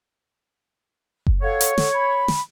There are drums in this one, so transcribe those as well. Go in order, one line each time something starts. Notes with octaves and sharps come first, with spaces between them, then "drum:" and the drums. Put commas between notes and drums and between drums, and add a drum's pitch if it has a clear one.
drum: kick F#1
A4 C#5 F5 F#5
drum: hi-hat
A4 F#5, drum: snare
B5
drum: snare